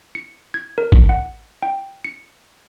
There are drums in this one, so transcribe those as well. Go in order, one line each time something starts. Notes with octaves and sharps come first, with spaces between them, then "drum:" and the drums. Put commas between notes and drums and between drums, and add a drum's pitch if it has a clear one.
C#7
G#6
A#4
drum: kick A1
F#5
G5
C#7